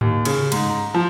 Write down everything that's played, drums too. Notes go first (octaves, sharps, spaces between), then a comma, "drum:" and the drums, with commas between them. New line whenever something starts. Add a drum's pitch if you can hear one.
D#2, drum: tom G#2
C#3, drum: cymbal
G#2, drum: cymbal
A#5
F3